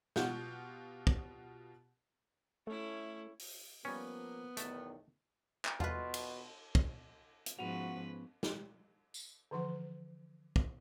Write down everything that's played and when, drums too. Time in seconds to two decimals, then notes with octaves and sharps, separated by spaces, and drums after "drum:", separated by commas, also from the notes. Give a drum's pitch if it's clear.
0.16 B2 F4 G4 F#5 G6, drum: snare
1.07 drum: kick
2.67 A3 C#4 E4
3.39 drum: open hi-hat
3.85 F3 G3 A#3 B3 C#4
4.57 B1 E2 D#3 A3 A5, drum: hi-hat
5.65 drum: clap
5.80 B2 F4 B4, drum: tom E2
6.14 drum: cymbal
6.75 drum: kick
7.46 drum: hi-hat
7.59 G#2 F3 B3 C#4 F#4 B4
8.43 drum: snare
9.14 drum: tambourine
9.51 D3 E3 F3 F#5 C6
10.56 drum: kick